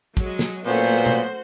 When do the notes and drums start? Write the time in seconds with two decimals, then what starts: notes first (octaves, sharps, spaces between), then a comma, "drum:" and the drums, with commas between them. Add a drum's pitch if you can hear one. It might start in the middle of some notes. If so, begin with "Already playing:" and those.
0.17 F#3 G#3, drum: kick
0.39 drum: snare
0.65 A#2 F#3 A3 B3 C#4 F#4 A#4 C5
1.06 drum: tom